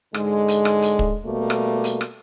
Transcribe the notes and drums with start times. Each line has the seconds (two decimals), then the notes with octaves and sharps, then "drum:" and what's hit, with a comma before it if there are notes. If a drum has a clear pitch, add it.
0.14 G#2 D3 G#3, drum: rim click
0.48 drum: hi-hat
0.65 drum: rim click
0.82 drum: hi-hat
0.99 drum: kick
1.25 B2 G3 A3 A#3
1.50 drum: rim click
1.84 drum: hi-hat
2.01 drum: rim click